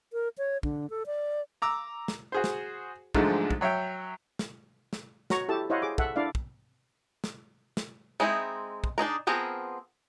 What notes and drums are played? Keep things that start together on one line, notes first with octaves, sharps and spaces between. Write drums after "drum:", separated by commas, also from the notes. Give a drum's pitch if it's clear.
A#4
C#5
D3, drum: kick
A4
D5
A#5 D6 E6
drum: snare
F#4 G#4 C5
drum: snare
G#2 D3 F3 F#3 G#3 A3, drum: kick
drum: kick
F#3 C#5 E5 G5
drum: snare
drum: snare
F#4 C#5 A#5 C#6, drum: snare
E4 G4 A4 A5
E4 C5 C#5 D#5 F5 F#5
G#4 D6
A4 E5 F#5, drum: kick
D4 E4 D5 F5
drum: kick
drum: snare
drum: snare
G#3 C4 D#4 E4
drum: kick
D4 D#4 G#4 A#4
F3 B3 C4 G#4 A#4